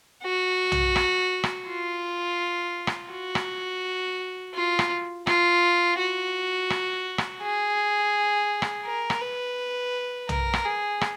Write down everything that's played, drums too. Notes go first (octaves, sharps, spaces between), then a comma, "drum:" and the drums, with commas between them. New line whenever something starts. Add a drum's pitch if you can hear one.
F#4
drum: tom B1
drum: rim click
drum: rim click
F4
drum: rim click
F#4
drum: rim click
F4
drum: rim click
F4, drum: rim click
F#4
drum: rim click
drum: rim click
G#4
drum: rim click
A#4
drum: rim click
B4
A#4, drum: tom B1
drum: rim click
G#4
drum: rim click